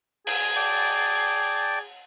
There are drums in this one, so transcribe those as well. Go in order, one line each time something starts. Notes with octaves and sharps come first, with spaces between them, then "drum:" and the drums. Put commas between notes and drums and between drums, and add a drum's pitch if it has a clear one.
G#4, drum: open hi-hat
D5 G5 A5